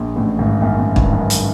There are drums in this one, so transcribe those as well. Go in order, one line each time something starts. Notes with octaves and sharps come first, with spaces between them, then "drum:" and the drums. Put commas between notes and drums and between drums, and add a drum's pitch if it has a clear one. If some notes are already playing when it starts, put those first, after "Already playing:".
Already playing: A#1 A#2
A1 A2
G#1 G#2
F#2
F#2
G1 G2, drum: kick
F#2
drum: hi-hat